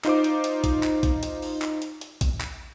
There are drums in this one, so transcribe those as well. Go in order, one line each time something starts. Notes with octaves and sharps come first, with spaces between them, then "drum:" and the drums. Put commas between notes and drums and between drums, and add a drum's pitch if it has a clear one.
D#4 F4 C5 D6, drum: clap
drum: hi-hat
drum: hi-hat
drum: kick A#1, hi-hat
drum: clap
drum: kick A#1, hi-hat
drum: hi-hat
drum: open hi-hat
drum: clap
drum: hi-hat
drum: hi-hat
drum: kick A#1, hi-hat
drum: clap